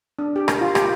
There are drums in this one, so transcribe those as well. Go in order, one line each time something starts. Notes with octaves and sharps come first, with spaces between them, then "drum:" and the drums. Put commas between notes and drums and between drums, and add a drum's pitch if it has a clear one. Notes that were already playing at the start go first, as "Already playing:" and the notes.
D4
G4
A#4, drum: rim click
F4
G4, drum: rim click